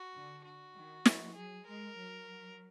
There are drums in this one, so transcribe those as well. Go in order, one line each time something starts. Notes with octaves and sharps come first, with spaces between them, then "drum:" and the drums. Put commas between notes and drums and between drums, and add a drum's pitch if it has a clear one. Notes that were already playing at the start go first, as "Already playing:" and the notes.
Already playing: F#4
D3
F#4
D#3
F3, drum: snare
F#3 G#4
G#3 A#4
F#3